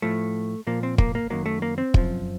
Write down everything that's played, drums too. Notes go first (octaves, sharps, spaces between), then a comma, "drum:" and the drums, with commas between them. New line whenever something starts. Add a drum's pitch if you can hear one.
A2 F3 A3
A#2 F3 A#3
C4
A#3, drum: kick
A#3
F#2 D#3 F#3 A#3
A3
A#3
C4
F#2 F3, drum: kick